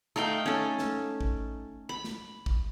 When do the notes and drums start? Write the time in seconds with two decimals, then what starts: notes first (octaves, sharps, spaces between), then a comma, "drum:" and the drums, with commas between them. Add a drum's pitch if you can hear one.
0.16 A3 D#4 F5 G5
0.46 C#4 A4
0.79 drum: snare
1.21 drum: kick A1
1.89 B5
2.04 drum: snare
2.46 drum: kick A1